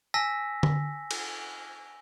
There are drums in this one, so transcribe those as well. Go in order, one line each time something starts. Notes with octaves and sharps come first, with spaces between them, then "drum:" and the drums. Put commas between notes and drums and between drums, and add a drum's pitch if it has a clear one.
G#5 A5 E6 A#6 B6
drum: tom D3
drum: cymbal